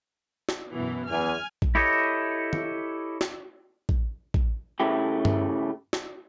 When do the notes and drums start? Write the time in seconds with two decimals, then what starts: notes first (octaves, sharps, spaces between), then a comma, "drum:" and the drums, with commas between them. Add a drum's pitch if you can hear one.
0.49 drum: snare
0.71 F#2 B2 E3
1.10 E2 E3 G#5 F6
1.62 drum: kick
1.75 E4 G4 A4 C#5 D#5
2.53 drum: tom
3.21 drum: snare
3.89 drum: kick
4.34 drum: kick
4.80 C#3 A3 E4 G4
5.25 drum: tom G2
5.93 drum: snare